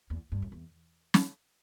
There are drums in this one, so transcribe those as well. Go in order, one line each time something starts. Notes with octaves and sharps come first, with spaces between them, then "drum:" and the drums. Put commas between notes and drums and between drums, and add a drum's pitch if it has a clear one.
E2
G2
F#2
E2
drum: snare